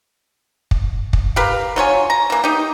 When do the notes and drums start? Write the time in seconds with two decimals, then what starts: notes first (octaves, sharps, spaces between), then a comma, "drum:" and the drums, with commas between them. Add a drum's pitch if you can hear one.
0.71 drum: kick
1.13 drum: kick
1.36 G4 A#4 B4 F5
1.76 F#3 F4 C#5 G#5
2.10 A#5
2.30 E3 A#3
2.44 D#4 G4